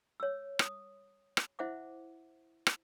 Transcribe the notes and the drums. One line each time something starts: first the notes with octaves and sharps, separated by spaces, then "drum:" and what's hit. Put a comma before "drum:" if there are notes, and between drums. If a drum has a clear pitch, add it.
C#5 E6
D#6, drum: rim click
drum: rim click
E4 C5 E5 F#5 D6
drum: rim click